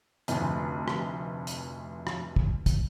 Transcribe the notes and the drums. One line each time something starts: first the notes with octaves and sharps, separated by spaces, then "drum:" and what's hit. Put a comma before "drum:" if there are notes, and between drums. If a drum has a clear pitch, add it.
F1 D2, drum: hi-hat
drum: rim click
drum: hi-hat
drum: rim click
drum: kick
drum: kick, hi-hat